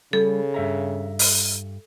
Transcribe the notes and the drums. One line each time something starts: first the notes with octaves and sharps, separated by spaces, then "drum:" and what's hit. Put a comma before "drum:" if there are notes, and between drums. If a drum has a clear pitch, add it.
C#3 G3 A4
G2 E5 A#5
drum: open hi-hat